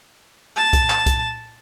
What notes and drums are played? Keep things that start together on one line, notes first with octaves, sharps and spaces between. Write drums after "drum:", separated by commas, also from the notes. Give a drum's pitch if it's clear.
A5
drum: kick B1, hi-hat
drum: clap
drum: kick B1, hi-hat